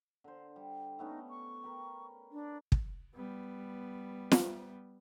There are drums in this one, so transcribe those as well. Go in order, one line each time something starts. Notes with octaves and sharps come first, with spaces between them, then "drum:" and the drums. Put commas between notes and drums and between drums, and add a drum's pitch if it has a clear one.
D3 C5
G3
A3 B3 C#4 D#4
C#6
A#4 B4 G5
D4
drum: kick
G3 B3
drum: snare